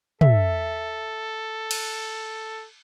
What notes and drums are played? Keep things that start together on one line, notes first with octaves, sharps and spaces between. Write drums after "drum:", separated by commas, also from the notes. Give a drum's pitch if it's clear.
A4 E5, drum: tom
drum: cymbal